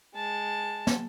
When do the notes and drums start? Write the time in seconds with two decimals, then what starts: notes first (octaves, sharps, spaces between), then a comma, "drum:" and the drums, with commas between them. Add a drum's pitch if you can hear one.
0.15 G#3 A5
0.87 drum: snare